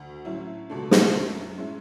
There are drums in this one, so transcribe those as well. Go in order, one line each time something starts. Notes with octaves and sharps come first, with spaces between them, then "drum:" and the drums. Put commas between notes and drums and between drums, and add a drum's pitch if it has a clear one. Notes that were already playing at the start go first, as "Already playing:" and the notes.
Already playing: D2
A2 F#3 C#4 E4
C#2 B2 A3 D4
drum: snare
F#2 D3 F#3 C#4 E4
A2 G#3 C#4 E4